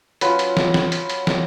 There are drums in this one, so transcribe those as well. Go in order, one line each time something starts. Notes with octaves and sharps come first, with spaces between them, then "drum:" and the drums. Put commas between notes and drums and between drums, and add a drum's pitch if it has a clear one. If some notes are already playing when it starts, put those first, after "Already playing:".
F#3 C#4 F4 B4, drum: hi-hat
drum: hi-hat
drum: snare
drum: snare
drum: hi-hat
drum: hi-hat
drum: snare